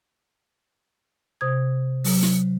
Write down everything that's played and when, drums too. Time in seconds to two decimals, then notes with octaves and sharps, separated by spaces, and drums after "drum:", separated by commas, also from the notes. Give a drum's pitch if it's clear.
1.41 C3 C5 D#6 G#6
2.04 F#3, drum: open hi-hat
2.23 drum: snare